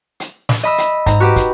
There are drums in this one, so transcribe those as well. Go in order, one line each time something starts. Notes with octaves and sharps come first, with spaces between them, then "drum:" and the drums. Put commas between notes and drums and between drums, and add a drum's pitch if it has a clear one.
drum: hi-hat
drum: snare
D#5 B5 E6
drum: hi-hat
G#2 A#5, drum: kick, hi-hat
F#4 G4 B4
drum: kick, hi-hat